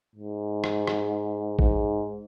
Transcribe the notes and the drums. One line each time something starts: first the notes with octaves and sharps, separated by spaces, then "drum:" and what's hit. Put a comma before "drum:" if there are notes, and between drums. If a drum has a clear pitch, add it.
G#2
drum: rim click
drum: rim click
G#2, drum: kick A1